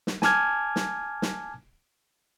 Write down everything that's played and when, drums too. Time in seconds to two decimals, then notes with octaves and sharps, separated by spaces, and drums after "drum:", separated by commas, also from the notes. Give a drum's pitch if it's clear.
0.07 drum: snare
0.22 G#5 A5 D6 F6 G#6, drum: snare
0.76 drum: snare
1.22 drum: snare